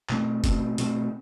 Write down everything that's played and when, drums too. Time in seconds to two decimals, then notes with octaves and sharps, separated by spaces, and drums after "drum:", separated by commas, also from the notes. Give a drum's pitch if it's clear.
0.10 B2 A3 C4, drum: clap
0.44 B2 A3 C4, drum: kick, hi-hat
0.78 B2 A3 C4, drum: hi-hat